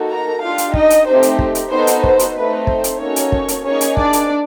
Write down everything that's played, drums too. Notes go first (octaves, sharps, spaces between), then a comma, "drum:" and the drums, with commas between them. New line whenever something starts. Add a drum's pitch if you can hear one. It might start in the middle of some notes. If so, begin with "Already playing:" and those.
Already playing: A#3 D#4 F#4 A4
A#4 A#5
D4 F4 G4 F5
drum: hi-hat
D#4 D#5, drum: kick
drum: hi-hat
A3 C4 D#4 G4 C5
drum: hi-hat
drum: kick
drum: hi-hat
B3 D#4 F#4 A4 C5
drum: hi-hat
C5, drum: kick
drum: hi-hat
A3 C4 D#4 B4
C5, drum: kick
drum: hi-hat
A#3 C#4 D#4 F#4 A4 C#5
drum: hi-hat
drum: kick
drum: hi-hat
A#3 C#4 D#4 G#4 C#5
drum: hi-hat
D4 D5, drum: kick
drum: hi-hat